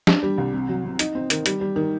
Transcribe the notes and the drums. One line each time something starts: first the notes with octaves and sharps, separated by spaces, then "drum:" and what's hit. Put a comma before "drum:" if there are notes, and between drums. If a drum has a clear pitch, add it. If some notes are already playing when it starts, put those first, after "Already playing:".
D4, drum: snare
G3
C2
C3
F#3
C3
D#4, drum: hi-hat
C4
D#3, drum: hi-hat
G3, drum: hi-hat
G3
D#3